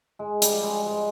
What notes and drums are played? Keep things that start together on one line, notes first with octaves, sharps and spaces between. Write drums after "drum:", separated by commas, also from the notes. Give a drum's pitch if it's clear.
G#2 G#3
G3, drum: hi-hat
F3
G#3
G#2 G#3